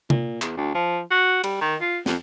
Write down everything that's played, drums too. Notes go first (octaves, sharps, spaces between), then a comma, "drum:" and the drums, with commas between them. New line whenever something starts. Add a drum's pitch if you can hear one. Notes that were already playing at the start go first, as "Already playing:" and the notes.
A#2, drum: tom C3
E2, drum: clap
D2
F3
F#4
G3, drum: cymbal
D#3
F4
F2, drum: snare